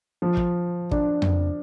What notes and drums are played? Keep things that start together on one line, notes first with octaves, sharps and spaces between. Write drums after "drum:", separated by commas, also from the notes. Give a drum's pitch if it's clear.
F3
drum: kick
D4, drum: kick
drum: tom F2